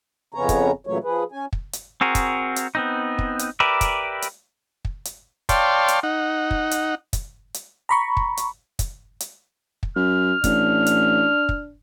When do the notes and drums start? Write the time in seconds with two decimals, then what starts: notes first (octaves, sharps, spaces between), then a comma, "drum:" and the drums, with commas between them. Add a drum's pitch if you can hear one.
0.34 F2 C#3 B3 C#4 C#5 A#5
0.49 drum: kick, hi-hat
0.87 A#2 C#3 E3 F#3 A3 C#5
1.04 F3 G#4 B4
1.32 C#4 G#5
1.53 drum: kick
1.73 drum: hi-hat
2.01 C4 F#4 G#4 A#4
2.15 drum: kick, hi-hat
2.56 drum: hi-hat
2.75 B3 C4 D#4
3.19 drum: kick
3.39 drum: hi-hat
3.60 G4 A#4 B4 D5 E5
3.81 drum: kick, hi-hat
4.22 drum: hi-hat
4.85 drum: kick
5.05 drum: hi-hat
5.49 C#5 D5 F5 G5 A5 C6, drum: kick, hi-hat
5.88 drum: hi-hat
6.03 D#4 F#5
6.51 drum: kick
6.71 drum: hi-hat
7.13 drum: kick, hi-hat
7.54 drum: hi-hat
7.89 A#5 B5 C#6
8.17 drum: kick
8.37 drum: hi-hat
8.79 drum: kick, hi-hat
9.20 drum: hi-hat
9.83 drum: kick
9.96 F#2 F6
10.44 A1 D4, drum: kick, hi-hat
10.86 drum: hi-hat
11.49 drum: kick